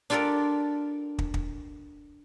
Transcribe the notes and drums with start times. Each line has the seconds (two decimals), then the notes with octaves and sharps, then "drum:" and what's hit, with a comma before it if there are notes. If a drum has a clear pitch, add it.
0.10 D4 F4 G4 A4 A#4 D5
1.19 drum: kick
1.34 drum: kick